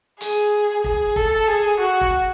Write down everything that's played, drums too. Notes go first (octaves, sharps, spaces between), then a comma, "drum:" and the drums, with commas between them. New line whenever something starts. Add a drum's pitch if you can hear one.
G#4, drum: hi-hat
G#4, drum: kick
A4, drum: kick
G#4
F#4
drum: kick